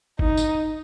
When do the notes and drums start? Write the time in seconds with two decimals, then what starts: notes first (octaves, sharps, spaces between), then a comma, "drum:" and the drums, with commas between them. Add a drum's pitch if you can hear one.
0.19 D#4, drum: kick G1
0.37 drum: tambourine